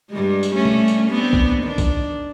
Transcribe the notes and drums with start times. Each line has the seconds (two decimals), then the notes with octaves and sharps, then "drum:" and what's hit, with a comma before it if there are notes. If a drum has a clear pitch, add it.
0.10 G2 G3 G#3
0.43 drum: tambourine
0.54 G3 A3 C#4
0.65 drum: tom B2
0.88 drum: tambourine
1.10 B3 C4 D4
1.33 drum: kick
1.63 D#3 D4
1.78 drum: kick, tambourine